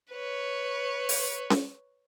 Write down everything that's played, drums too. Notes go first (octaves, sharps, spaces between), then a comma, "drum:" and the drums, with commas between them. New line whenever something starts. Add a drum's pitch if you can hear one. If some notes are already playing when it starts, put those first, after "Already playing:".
B4 C#5
drum: open hi-hat
drum: snare C#4